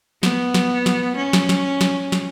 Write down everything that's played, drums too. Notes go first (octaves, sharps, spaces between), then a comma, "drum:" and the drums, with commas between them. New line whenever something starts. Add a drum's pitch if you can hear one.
B3, drum: snare
drum: snare
drum: snare
C#4
drum: snare
drum: snare
drum: snare
drum: snare